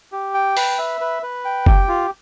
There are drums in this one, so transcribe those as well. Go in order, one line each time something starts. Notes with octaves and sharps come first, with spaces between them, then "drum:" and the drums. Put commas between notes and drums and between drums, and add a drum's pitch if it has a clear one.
G4
G5
B4, drum: open hi-hat
E5
B4
B4
G5
G4, drum: kick F#1
F4